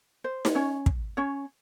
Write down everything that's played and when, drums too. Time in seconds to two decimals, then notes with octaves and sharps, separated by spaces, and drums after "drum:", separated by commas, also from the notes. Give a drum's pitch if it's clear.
0.24 C5
0.45 drum: snare D#4
0.55 C#4 C#5
0.86 drum: kick
1.17 C#4 C#5